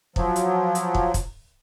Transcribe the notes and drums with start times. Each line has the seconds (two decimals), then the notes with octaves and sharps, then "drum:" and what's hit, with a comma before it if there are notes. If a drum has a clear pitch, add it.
0.16 F3 F#3, drum: kick
0.36 drum: hi-hat
0.75 drum: hi-hat
0.95 drum: kick
1.14 drum: kick, hi-hat